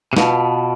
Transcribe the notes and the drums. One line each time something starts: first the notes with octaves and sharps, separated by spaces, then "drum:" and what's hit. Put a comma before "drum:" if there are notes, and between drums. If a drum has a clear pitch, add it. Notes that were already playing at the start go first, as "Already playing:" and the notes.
C3
B2 F4 B4 F5 A5, drum: snare